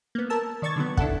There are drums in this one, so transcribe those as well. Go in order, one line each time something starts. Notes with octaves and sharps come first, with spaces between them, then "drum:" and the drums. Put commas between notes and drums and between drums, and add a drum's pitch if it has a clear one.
A#3 B3
A#4 A5 E6
D#3 D5 C#6 G#6 A6
D3 D#3 F#3 B3
D4 E4 A4 F#5, drum: kick